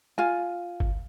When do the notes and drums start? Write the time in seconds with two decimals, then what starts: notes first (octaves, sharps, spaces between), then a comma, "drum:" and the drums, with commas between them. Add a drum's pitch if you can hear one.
0.18 F4 G#5
0.80 drum: kick G1